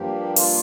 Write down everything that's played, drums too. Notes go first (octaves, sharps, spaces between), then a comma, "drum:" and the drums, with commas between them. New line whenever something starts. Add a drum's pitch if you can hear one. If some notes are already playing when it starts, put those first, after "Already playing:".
Already playing: G2 F3 A#3 G4
F4, drum: open hi-hat